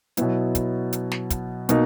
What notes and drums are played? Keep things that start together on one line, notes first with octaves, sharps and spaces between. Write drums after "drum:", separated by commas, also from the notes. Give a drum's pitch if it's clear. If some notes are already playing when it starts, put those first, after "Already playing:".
B2 F#3 B3 E4, drum: hi-hat
drum: kick, hi-hat
drum: hi-hat
drum: snare
drum: kick, hi-hat
B2 A#3 D#4, drum: hi-hat